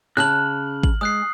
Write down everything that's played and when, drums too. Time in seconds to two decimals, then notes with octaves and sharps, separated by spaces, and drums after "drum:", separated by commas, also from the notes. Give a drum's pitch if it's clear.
0.17 C#3 A5 F6 F#6 F#7
0.83 F#7, drum: kick
1.01 G#3 D#6 F#6 C7